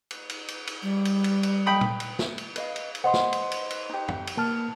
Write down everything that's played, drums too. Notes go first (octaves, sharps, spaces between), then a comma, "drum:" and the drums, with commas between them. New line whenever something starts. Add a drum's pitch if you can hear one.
drum: cymbal
drum: cymbal
drum: cymbal
drum: cymbal
G3
drum: cymbal
drum: cymbal
drum: cymbal
G5 B5 D#6
drum: tom
drum: cymbal
drum: snare
drum: cymbal
B4 D#5 F5, drum: cymbal
drum: cymbal
drum: cymbal
B4 C5 D#5 F#5 C6
drum: snare
drum: cymbal
drum: cymbal
drum: cymbal
D#4 G4
drum: tom
drum: cymbal
A#3 A5 F6